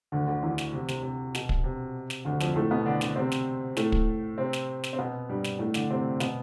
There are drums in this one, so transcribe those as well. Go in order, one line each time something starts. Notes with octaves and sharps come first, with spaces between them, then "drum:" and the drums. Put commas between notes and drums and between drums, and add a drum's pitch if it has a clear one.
D2 D3
D2 D3
E2 E3
drum: snare
C3
C3, drum: snare
C3
B2, drum: snare
drum: kick
C3
drum: snare
D2 D3
F2 F3, drum: snare
A2 A3
B2 B3
D3 D4
D3 D4, drum: snare
C3 C4
drum: snare
A2 A3, drum: snare
drum: kick
C3 C4
drum: snare
drum: snare
C4
B2 B3
G2 G3
drum: snare
A2 A3
D3 D4, drum: snare
C3 C4
B2 B3, drum: snare